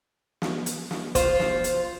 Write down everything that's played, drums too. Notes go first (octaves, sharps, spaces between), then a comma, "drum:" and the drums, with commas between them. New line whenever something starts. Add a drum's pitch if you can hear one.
drum: snare
drum: hi-hat
drum: snare
F4 C5, drum: kick, hi-hat
drum: snare
drum: hi-hat